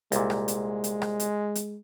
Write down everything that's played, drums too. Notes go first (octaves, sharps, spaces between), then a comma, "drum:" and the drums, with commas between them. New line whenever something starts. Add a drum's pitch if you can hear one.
C2 A#2 G#3, drum: hi-hat
drum: rim click
drum: hi-hat
drum: hi-hat
drum: rim click
drum: hi-hat
drum: hi-hat